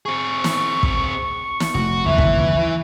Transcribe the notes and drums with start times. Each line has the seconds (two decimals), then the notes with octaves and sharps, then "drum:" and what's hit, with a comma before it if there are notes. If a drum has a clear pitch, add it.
0.05 C4 G#4 C#6
0.44 drum: snare
0.83 drum: kick
1.60 drum: snare
1.75 F1 A3 F#4
2.06 F#1 D#2 E3 E5
2.18 drum: kick